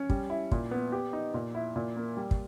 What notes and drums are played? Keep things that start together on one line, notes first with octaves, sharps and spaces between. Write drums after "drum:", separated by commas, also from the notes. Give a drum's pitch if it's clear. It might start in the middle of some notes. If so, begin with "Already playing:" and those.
Already playing: C#4
G3, drum: kick
E4
A#2, drum: kick
B3
G4
D#4
A#2
E4
A#2
A#3
G3
drum: kick